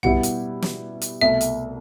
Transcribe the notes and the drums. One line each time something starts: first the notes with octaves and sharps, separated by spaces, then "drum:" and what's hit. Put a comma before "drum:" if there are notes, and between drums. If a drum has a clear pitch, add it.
B2 G3 B3 E4 G4 F#5, drum: tom B1
drum: hi-hat
drum: snare
drum: hi-hat
C2 B2 A3 E5
drum: hi-hat